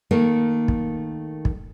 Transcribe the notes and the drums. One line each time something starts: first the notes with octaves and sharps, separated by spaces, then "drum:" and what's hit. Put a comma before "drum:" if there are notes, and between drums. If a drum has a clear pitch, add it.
D#3 A3 A#3
drum: kick
drum: kick